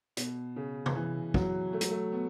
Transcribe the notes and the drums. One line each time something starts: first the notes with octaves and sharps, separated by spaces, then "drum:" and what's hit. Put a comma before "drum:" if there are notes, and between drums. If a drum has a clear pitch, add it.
B2, drum: hi-hat
C#3
drum: tom C3
E3
F#3, drum: kick
A3
F#3, drum: hi-hat
A3
B3